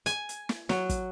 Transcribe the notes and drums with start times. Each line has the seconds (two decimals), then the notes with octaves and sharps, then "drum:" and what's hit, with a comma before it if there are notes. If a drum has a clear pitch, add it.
0.06 G#5, drum: hi-hat
0.29 drum: hi-hat
0.49 drum: snare
0.69 F#3, drum: snare
0.89 drum: kick, hi-hat